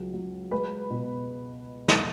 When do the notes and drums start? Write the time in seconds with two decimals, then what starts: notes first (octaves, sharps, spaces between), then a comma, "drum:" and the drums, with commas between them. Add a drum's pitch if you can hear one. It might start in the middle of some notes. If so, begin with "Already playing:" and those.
Already playing: C#2 F#3
0.13 F#3
0.51 G#3 B4 B5
0.90 B2
1.88 drum: snare